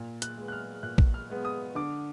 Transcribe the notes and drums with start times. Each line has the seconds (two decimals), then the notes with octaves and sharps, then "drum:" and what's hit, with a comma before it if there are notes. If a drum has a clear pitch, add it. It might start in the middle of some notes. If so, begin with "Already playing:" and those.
Already playing: A#2
0.22 F#6, drum: hi-hat
0.37 G#3 B3
0.48 F#6
0.52 F6
0.83 A#2 F#6
0.98 drum: kick
1.14 F6
1.30 G#3 B3
1.45 D#6
1.75 D3 D6